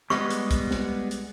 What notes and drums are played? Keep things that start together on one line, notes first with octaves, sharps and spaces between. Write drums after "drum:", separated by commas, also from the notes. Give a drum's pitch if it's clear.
G3 G#3 B3 C#6, drum: snare
drum: hi-hat
drum: kick, hi-hat
drum: snare
drum: hi-hat